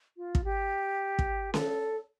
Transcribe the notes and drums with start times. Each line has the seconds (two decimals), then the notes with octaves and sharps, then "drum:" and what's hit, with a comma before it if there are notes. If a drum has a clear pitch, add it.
0.17 F4
0.35 drum: kick
0.44 G4
1.19 drum: kick
1.54 A4, drum: snare C#4